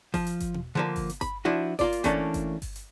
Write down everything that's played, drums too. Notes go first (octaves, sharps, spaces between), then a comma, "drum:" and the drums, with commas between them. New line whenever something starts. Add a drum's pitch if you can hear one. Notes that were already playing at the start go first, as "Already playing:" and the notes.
F3, drum: kick G1, open hi-hat
drum: hi-hat
drum: kick G1, hi-hat
drum: tom B2
D3 F3 A#3
drum: kick G1, open hi-hat
drum: hi-hat
B5, drum: kick G1, hi-hat
F3 D4 E4 F#4
A#3 F4 D5, drum: kick G1, open hi-hat
drum: hi-hat
E3 A3 A#3 C#4 D4, drum: kick G1, hi-hat
drum: kick G1, hi-hat
drum: kick G1, open hi-hat
drum: hi-hat